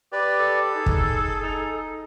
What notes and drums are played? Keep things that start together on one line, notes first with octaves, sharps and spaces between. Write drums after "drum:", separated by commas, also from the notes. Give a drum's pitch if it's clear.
G4 B4 D5
A4
D#4 G#4
drum: kick
D#4